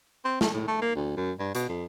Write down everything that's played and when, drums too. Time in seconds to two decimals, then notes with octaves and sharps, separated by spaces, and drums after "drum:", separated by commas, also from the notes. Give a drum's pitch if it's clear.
0.25 C4
0.41 A3, drum: snare
0.53 A2
0.68 A3
0.82 A#3
0.96 D2
1.17 F#2
1.40 G2
1.55 B2, drum: hi-hat
1.69 F2